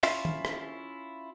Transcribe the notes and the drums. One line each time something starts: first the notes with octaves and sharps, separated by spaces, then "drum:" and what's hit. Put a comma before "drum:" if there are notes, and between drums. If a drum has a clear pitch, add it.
C#4 E4 F4 E5 F5, drum: open hi-hat
drum: tom D#3
drum: rim click